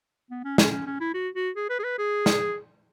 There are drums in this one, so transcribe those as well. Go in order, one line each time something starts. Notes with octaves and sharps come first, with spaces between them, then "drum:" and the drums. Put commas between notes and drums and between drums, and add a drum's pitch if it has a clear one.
B3
C#4
C#4, drum: snare
C#4
C#4
E4
F#4
F#4
G#4
B4
G#4
B4
G#4
drum: snare